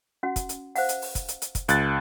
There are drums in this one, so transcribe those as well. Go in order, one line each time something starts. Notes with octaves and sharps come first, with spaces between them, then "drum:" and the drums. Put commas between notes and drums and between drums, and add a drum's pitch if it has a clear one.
C#4 F#4 F#5
drum: kick, hi-hat
drum: hi-hat
C5 F5 F#5, drum: open hi-hat
drum: hi-hat
drum: open hi-hat
drum: kick, hi-hat
drum: hi-hat
drum: hi-hat
drum: kick, hi-hat
C#2 F#6 A6, drum: hi-hat